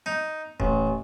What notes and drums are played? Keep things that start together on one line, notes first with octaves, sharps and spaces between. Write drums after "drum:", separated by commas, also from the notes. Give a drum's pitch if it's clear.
D#4
A1, drum: kick D#1